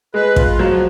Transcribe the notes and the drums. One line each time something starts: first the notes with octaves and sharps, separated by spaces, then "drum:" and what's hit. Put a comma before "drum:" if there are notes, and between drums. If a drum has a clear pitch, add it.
G#3 B4
F4, drum: kick
F3 F#3